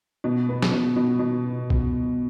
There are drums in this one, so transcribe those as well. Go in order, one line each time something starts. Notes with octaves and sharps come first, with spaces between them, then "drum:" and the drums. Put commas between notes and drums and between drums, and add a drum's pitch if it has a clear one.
B2
B3
drum: snare
B2
B2
B2
drum: kick B1